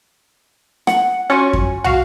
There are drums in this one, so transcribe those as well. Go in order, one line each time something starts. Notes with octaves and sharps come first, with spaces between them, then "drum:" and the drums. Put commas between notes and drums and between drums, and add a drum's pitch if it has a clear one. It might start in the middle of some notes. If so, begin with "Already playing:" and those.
F#5, drum: rim click
C#4 F4 F#4 G#5 C#6
drum: kick F2
F#4 F5, drum: tom